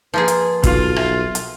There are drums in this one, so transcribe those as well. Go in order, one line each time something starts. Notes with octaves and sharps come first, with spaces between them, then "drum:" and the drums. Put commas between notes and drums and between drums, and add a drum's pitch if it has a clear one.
F3 A#3 G#4 B4
drum: hi-hat
B1 F4, drum: kick, hi-hat
E5, drum: rim click
drum: hi-hat